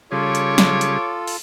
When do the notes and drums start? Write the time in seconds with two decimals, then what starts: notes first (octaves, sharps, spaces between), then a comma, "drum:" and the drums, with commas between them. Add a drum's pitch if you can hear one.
0.12 C#3 G3 F4 G#4 A4 C#5 D6
0.35 drum: hi-hat
0.58 drum: snare
0.81 drum: hi-hat
1.27 drum: open hi-hat